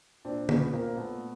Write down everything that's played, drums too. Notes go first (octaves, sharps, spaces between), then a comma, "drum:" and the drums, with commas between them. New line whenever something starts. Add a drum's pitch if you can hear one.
A#2 C4 D4
A#2 B3 C#4, drum: tom
A#2 A#3 C4
A#2 A3 B3